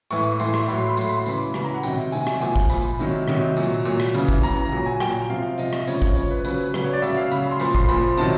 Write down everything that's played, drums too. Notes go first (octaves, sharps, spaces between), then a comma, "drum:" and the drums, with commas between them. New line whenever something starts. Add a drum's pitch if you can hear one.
A2 E3 C#6, drum: tambourine
A2 E3 C6, drum: tambourine
drum: rim click
A2 F#3 B5, drum: tambourine
C6
B5
A2 F#3 C6, drum: tambourine
B5
C6
C#3 E3 B5, drum: tambourine
C#3 E3 B5, drum: rim click
A#5
F#5
C3 D#3 F#3 G5, drum: tambourine
C3 D#3 F#3 G#5, drum: tambourine
drum: rim click
A#2 F3 G#5, drum: tambourine
drum: kick G#1
A#2 F3 B5, drum: tambourine
C3 D#3 F#3, drum: tambourine
C3 D#3 F#3, drum: rim click
A#2 F#3, drum: tambourine
A#2 F#3, drum: tambourine
drum: rim click
C#3 E3, drum: tambourine
drum: kick G#1
C#3 E3 A#5, drum: tambourine
A#5
A#2 F#3 A#5
G#5
A#2 F#3 G5, drum: rim click
C3 F3 F5
C3 F3 D#5, drum: tambourine
drum: rim click
C#3 F3 C#5, drum: tambourine
C#5, drum: kick G#1
C#3 F3 C#5, drum: tambourine
B4
C#3 F#3 B4, drum: tambourine
C#3 F#3 B4, drum: rim click
C#5
D5
C#3 F#3 E5, drum: tambourine
F5
C#3 F#3 B5, drum: tambourine
C6
A#2 F3 B5, drum: tambourine
C6, drum: kick G#1
A#2 F3 B5, drum: tambourine
C3 D#3 F#3 A5, drum: tambourine